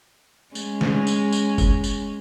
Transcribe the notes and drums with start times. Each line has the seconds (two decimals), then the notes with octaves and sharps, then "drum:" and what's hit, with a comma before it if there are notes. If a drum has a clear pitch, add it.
0.55 G#3 C#4, drum: tambourine
0.81 drum: snare
1.07 drum: tambourine
1.32 drum: tambourine
1.58 drum: kick, tambourine
1.84 drum: tambourine